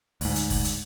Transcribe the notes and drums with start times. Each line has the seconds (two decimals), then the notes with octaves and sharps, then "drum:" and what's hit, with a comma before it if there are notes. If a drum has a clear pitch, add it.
0.21 D2 G#2, drum: open hi-hat
0.35 drum: hi-hat
0.50 drum: kick F#1, open hi-hat
0.64 drum: hi-hat